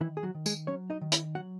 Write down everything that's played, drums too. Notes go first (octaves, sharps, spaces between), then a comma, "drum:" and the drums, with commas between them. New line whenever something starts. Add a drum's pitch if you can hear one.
D#3 E3 E4
G#4
F#3 F#4
D#3
G#3 G#4, drum: tambourine
F#3 C#4 C#5
D#4 D#5
D#3
E4 E5, drum: hi-hat
F#3 F#4 F#5